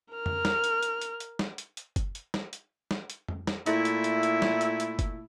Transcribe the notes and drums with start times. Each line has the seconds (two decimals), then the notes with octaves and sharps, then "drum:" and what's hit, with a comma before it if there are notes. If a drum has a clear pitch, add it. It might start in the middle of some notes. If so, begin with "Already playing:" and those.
0.14 A#4 F6
0.26 drum: tom F2
0.45 drum: snare
0.64 drum: hi-hat
0.83 drum: hi-hat
1.01 drum: hi-hat
1.20 drum: hi-hat
1.39 drum: snare
1.58 drum: hi-hat
1.77 drum: hi-hat
1.96 drum: kick F#1, hi-hat
2.15 drum: hi-hat
2.34 drum: snare
2.53 drum: hi-hat
2.91 drum: snare
3.10 drum: hi-hat
3.28 drum: tom F2
3.47 drum: snare
3.66 A#2 A3 E4, drum: hi-hat
3.85 drum: hi-hat
4.04 drum: hi-hat
4.23 drum: hi-hat
4.42 drum: snare
4.61 drum: hi-hat
4.80 drum: hi-hat
4.99 drum: kick F#1, hi-hat